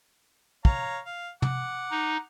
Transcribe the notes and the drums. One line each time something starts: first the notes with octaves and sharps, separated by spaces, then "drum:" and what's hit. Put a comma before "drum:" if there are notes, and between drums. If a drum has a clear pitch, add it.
C#5 F5 A#5, drum: kick
F5
F#5 D6, drum: tom
D#4